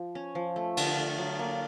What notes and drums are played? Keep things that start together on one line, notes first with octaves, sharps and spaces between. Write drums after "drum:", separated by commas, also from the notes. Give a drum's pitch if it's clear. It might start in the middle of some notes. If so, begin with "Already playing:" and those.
Already playing: F3
C#4
F3
A3
D3, drum: cymbal
A3
F#3
A#3